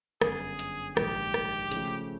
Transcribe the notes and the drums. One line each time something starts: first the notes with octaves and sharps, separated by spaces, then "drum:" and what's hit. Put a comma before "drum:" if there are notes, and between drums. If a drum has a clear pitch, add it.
G1 F#2 D3 G#4, drum: rim click
drum: hi-hat
A#1 G#2 D#3 G4, drum: rim click
drum: rim click
C#3 F3 A3, drum: hi-hat